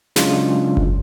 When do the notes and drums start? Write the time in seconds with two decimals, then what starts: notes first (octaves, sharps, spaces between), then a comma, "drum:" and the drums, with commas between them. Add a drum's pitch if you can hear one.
0.16 C#3 F#3 G#3 D4 F4, drum: snare
0.77 drum: kick F#1